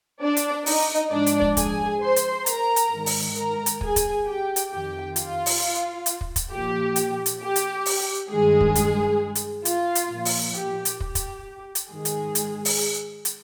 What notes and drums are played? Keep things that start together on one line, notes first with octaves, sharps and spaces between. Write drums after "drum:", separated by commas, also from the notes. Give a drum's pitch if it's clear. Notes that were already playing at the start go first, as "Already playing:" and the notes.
D4 D5
drum: hi-hat
D#4 D#5, drum: open hi-hat
G#2 F3 D4 D5
drum: hi-hat
drum: kick
G#4 G#5, drum: kick, hi-hat
C5 C6
drum: hi-hat
A#4 A#5, drum: hi-hat
drum: hi-hat
G#2 D#3
drum: open hi-hat
A#4 A#5
drum: hi-hat
G#4 G#5, drum: kick
drum: kick, hi-hat
G4 G5
drum: hi-hat
F2 D#3 G4 G5
F4 F5, drum: hi-hat
drum: open hi-hat
drum: hi-hat
drum: kick
drum: kick, hi-hat
A#2 F3 G4
drum: hi-hat
drum: hi-hat
G4
drum: hi-hat
drum: open hi-hat
G2 D#3 G#3 G#4
drum: kick
drum: kick, hi-hat
drum: hi-hat
F4, drum: hi-hat
drum: hi-hat
A#2 F3
drum: open hi-hat
G4
drum: hi-hat
G4, drum: kick
drum: kick, hi-hat
drum: hi-hat
G#2 D#3 G#3 G#4
drum: hi-hat
drum: hi-hat
drum: open hi-hat
drum: hi-hat